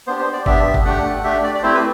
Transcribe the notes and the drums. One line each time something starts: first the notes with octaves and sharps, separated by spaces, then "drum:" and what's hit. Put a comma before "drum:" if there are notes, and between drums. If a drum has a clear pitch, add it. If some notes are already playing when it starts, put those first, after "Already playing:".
B3 D4 G4 C5
C5
D5
B3 D4 G4 E5, drum: kick G1
drum: kick G1
A3 D4 G4 F#5
A3 D4 G4 E5
D5
D5
A3 C4 E4 G4 C5
B4